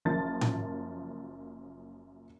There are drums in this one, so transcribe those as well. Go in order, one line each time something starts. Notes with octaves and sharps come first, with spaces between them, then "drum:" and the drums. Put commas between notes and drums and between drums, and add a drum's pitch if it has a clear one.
F#1 F#2 F3 A#4 A5 A6
drum: tom A2